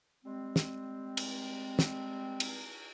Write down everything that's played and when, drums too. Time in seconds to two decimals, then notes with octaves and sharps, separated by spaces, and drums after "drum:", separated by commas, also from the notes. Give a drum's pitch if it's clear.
0.25 G3 G#3 C4
0.56 drum: snare
1.17 drum: cymbal
1.79 drum: snare
2.40 drum: cymbal